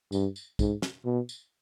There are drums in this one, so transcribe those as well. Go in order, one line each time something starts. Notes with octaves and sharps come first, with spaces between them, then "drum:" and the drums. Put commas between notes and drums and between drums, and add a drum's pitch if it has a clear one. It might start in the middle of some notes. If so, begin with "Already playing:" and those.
G2, drum: tambourine
drum: tambourine
G#2, drum: kick, tambourine
drum: snare
B2
drum: tambourine